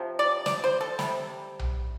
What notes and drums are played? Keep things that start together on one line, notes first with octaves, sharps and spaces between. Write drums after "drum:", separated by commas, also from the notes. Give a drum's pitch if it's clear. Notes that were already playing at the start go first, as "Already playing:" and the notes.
Already playing: C3 F3
D5
D5, drum: snare
C5
A4
C3 G3, drum: snare
drum: tom B1